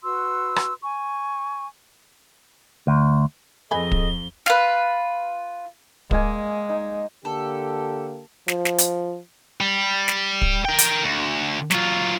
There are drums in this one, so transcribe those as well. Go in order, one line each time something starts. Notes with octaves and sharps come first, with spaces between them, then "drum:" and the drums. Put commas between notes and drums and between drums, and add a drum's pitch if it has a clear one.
F#4 B4 C6 E6
drum: rim click
G#5 C#6
D2
F2 G#4 A4 B4 D#5 G#5 B5 G7
drum: kick
F4 B4, drum: snare
G#3 A#3 D#5 G#5, drum: kick
D#4
D3 A#3 G4 A4
F3, drum: snare
drum: snare
drum: hi-hat
G3
drum: snare
drum: kick
A#4 G5
drum: hi-hat
D2
F#3 F4, drum: snare